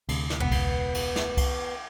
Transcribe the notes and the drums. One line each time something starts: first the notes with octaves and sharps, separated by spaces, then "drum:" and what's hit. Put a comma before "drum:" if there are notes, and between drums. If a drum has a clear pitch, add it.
D2 C3, drum: cymbal
drum: snare
E1 C#2 B3
drum: kick C2, cymbal
drum: cymbal
drum: snare
drum: kick C2, cymbal